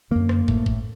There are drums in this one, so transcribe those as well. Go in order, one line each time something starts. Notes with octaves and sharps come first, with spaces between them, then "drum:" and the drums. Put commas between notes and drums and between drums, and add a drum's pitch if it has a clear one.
F#2 D3 A#3
drum: rim click
A2, drum: kick
drum: kick